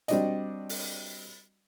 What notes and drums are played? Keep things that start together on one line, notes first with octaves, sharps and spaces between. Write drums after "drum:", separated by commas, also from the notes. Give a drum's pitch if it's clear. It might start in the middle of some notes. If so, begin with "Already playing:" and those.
G3 C4 D4 F#4 D5 D#5, drum: hi-hat
drum: open hi-hat